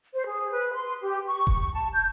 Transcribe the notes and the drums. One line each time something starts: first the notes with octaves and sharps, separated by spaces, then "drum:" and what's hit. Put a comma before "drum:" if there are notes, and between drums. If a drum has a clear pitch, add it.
C5
G#4
B4
C6
G4
C#6
drum: kick E1
A5
G6